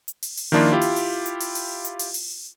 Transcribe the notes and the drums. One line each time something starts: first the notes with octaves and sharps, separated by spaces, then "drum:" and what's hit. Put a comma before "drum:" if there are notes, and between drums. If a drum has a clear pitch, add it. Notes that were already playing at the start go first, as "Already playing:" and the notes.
drum: hi-hat
drum: open hi-hat
drum: open hi-hat
D#3 F3 A#3 D4 E4 F4
E4 F4 G4
drum: open hi-hat
drum: open hi-hat
drum: hi-hat
drum: open hi-hat
drum: open hi-hat
drum: hi-hat
drum: open hi-hat
drum: open hi-hat